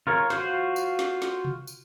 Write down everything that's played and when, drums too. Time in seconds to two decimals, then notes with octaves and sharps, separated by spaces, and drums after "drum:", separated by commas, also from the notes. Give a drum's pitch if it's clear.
0.07 F4 A#4 C#5
0.30 F4 F#4 C5, drum: snare
0.76 drum: tambourine
0.99 drum: snare
1.22 drum: snare
1.45 drum: tom C3
1.67 drum: tambourine